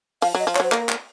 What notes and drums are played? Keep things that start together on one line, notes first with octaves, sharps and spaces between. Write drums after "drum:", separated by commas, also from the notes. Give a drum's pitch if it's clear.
F3 F5, drum: open hi-hat
F#3 D#5
F3
C#5, drum: clap
F#3 C5
A#3 A#4, drum: clap
drum: clap